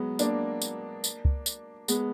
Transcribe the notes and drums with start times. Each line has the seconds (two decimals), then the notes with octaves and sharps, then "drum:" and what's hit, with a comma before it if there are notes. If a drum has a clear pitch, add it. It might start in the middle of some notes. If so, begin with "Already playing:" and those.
Already playing: F#3 G#3 B3
0.19 A#3 D4, drum: tambourine
0.62 drum: tambourine
1.04 drum: tambourine
1.25 drum: kick
1.46 drum: tambourine
1.88 G#3 B3, drum: tambourine